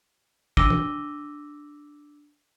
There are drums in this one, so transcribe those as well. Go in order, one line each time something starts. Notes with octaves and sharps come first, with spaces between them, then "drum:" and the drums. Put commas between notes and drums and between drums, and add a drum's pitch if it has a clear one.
D4 D6 E6 A#6 D#7 G7, drum: kick
drum: tom